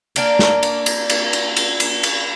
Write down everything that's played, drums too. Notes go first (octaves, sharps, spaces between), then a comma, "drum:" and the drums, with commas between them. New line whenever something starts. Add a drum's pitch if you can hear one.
A#3 D4 A#4, drum: cymbal
drum: snare
drum: cymbal
drum: cymbal
drum: cymbal
drum: cymbal
drum: cymbal
drum: cymbal
drum: cymbal